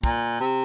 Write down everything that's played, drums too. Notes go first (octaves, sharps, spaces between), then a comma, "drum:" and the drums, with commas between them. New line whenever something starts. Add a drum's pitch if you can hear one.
A#2, drum: kick
C3